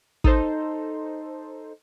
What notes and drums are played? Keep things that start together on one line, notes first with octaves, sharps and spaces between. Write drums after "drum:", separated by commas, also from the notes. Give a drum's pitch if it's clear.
D#4 A4 C5, drum: kick